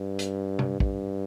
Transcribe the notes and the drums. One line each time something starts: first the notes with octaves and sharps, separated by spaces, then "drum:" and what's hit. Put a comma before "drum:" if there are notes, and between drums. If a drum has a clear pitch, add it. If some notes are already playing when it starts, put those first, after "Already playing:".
Already playing: G2
drum: hi-hat
drum: tom C3
G2, drum: kick